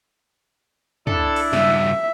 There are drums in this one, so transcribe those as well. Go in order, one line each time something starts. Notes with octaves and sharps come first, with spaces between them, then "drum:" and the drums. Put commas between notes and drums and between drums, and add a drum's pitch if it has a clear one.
D4 E4 A4, drum: tom
drum: cymbal
G2 C#3 E5, drum: snare